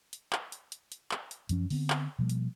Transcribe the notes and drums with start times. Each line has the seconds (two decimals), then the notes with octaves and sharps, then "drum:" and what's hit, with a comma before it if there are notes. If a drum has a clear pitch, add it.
0.13 drum: hi-hat
0.33 drum: clap
0.52 drum: hi-hat
0.72 drum: hi-hat
0.92 drum: hi-hat
1.11 drum: clap
1.31 drum: hi-hat
1.49 F#2 F3 C#4, drum: hi-hat
1.70 D3 B3 C4, drum: open hi-hat
1.90 drum: clap
2.19 B2 F3 G3 A#3
2.29 drum: hi-hat